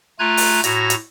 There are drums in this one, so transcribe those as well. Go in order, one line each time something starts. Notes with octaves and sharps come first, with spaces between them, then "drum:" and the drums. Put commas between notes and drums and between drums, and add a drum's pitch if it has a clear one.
A3 F4 G#5 A#5 F#6 G#6
drum: open hi-hat
A2 F#4 A#5 G#6 A#6, drum: hi-hat
drum: hi-hat